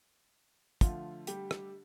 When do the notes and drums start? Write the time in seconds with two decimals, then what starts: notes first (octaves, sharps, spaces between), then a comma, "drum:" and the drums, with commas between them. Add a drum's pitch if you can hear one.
0.81 D3 F3 A3 F4, drum: kick, hi-hat
1.27 G3 G4, drum: hi-hat
1.51 drum: rim click